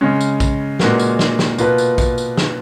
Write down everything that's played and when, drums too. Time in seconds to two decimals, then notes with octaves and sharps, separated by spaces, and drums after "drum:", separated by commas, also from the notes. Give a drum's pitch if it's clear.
0.01 C#3 G#3 C#4
0.21 drum: tambourine
0.40 drum: kick, tambourine
0.79 A#2 G#3 B3 F#4 A#4, drum: snare
0.99 drum: tambourine
1.19 drum: snare
1.39 drum: snare
1.59 B2 A#3 F4 B4, drum: tambourine
1.78 drum: tambourine
1.98 drum: kick, tambourine
2.18 drum: tambourine
2.37 drum: snare